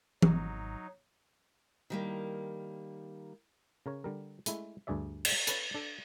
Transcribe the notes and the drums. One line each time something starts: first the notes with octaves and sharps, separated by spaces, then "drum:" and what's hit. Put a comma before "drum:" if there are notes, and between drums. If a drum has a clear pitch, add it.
G#1 F#3 D#4, drum: tom E3
D#3 G3 A#3
C#3 A#4 C#5
D3 G3 A#4
G#3 A3 E4, drum: hi-hat
D2 G2 G#4 D5 E5
drum: cymbal
A4 B4 C#5, drum: hi-hat
D4 A4